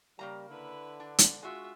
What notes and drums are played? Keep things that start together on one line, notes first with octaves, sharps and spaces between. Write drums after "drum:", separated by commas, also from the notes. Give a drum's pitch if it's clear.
C#3 G3 A#3 A#5
D3 E4 B4
D4
drum: hi-hat
G#3 F4 F#4 E5